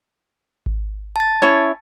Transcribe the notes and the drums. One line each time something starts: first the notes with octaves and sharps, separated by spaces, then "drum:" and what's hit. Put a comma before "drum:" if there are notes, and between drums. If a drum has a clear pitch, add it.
drum: kick G#1
A5 A6
C#4 E4 C#5